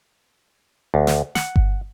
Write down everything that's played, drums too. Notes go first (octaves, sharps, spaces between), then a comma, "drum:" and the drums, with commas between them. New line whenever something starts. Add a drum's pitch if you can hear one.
D2
drum: snare
F#5, drum: snare
drum: kick G1